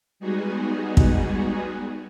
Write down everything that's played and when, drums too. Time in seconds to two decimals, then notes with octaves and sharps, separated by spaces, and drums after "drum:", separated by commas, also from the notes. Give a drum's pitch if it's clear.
0.20 G3 G#3 B3 D#4 F#4 G#4
0.97 drum: kick